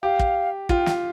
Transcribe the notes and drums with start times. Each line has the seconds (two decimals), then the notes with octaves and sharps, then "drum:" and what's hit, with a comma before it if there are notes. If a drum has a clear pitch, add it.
0.03 G4 F5
0.19 drum: kick
0.69 F4 G5, drum: kick
0.86 drum: snare